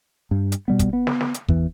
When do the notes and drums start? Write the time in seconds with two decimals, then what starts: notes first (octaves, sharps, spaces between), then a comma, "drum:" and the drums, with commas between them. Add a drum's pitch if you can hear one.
0.31 G2
0.52 drum: hi-hat
0.68 B2 G3 B3
0.79 drum: kick, hi-hat
0.93 B3
1.07 drum: snare
1.21 drum: snare
1.34 drum: hi-hat
1.48 E2 E3, drum: kick